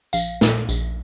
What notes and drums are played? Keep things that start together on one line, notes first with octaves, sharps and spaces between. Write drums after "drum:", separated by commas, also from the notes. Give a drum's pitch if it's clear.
A#1 F5, drum: tambourine
A#2, drum: snare
A#1, drum: tambourine